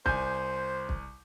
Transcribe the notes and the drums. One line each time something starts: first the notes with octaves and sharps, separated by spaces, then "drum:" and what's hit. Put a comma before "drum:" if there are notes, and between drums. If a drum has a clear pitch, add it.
C2 C5 G#5 G6, drum: kick
drum: kick